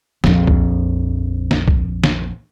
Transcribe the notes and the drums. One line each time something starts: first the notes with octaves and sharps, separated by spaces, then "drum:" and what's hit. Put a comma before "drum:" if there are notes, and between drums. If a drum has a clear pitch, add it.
A#1 F2, drum: snare
drum: kick
drum: snare
drum: kick
drum: snare